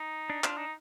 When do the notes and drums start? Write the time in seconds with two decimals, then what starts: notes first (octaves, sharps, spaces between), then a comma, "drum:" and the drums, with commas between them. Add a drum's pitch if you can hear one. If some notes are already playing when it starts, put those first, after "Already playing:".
Already playing: D#4
0.30 D4
0.44 D4 F4, drum: clap
0.57 D#4